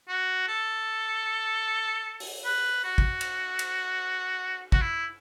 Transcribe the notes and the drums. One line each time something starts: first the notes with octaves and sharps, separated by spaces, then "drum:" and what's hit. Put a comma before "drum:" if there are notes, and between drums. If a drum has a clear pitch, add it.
F#4
A4
drum: open hi-hat
B4
F#4
drum: kick
drum: cymbal
drum: cymbal
F#4, drum: kick
E4